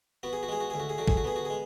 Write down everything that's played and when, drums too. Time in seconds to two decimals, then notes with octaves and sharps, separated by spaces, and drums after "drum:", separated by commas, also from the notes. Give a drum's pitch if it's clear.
0.23 B3 F#4
0.33 G#4
0.43 F#4
0.49 G#3 G#4
0.60 F#4
0.70 D2 G#4
0.80 F#4
0.89 G#4
0.98 D3 F#4
1.08 G#4, drum: kick
1.17 F#4
1.24 B3 G#4
1.36 F#4
1.45 G#4
1.50 G#3